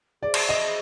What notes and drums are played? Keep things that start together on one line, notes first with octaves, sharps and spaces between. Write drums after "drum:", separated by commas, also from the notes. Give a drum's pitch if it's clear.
G#4 C5 D5 E5
drum: cymbal
D#5